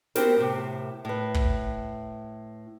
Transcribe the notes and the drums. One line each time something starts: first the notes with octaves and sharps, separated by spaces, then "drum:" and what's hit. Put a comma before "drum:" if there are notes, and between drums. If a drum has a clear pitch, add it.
B3 C4 F#4 G4 A#4 C5, drum: snare
A2 C3
A2 B4
drum: kick